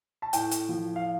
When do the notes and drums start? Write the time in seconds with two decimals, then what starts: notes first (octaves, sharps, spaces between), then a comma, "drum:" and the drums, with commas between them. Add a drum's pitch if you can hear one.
0.22 A5
0.33 A2 G5, drum: hi-hat
0.51 drum: hi-hat
0.69 F3
0.96 F5